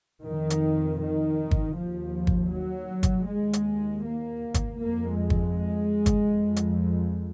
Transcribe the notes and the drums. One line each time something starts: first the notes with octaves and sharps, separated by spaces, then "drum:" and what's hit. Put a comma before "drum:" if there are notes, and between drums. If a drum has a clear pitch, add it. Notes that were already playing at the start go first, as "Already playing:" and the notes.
F2 D#3
drum: hi-hat
D#3
drum: kick
D#2 F3
drum: kick
F#3
drum: kick, hi-hat
D#2 G#3
drum: hi-hat
A#3
drum: kick, hi-hat
F2 A#3
G#3
drum: kick
drum: kick, hi-hat
F2
drum: hi-hat